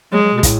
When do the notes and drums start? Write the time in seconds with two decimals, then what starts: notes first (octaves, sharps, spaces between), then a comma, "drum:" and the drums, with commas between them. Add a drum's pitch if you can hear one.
0.12 F#3 G#3
0.22 F#3
0.32 B2
0.43 A2, drum: kick, hi-hat